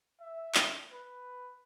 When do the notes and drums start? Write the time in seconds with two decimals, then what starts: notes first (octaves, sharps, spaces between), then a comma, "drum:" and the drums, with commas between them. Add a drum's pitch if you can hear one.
0.20 E5
0.55 drum: clap
0.92 B4